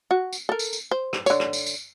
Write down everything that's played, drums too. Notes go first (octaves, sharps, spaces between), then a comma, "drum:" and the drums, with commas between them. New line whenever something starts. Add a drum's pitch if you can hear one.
F#4
drum: tambourine
A4 A#4
drum: tambourine
drum: tambourine
C5
drum: rim click
D3 C#5, drum: tambourine
drum: rim click
drum: tambourine
drum: tambourine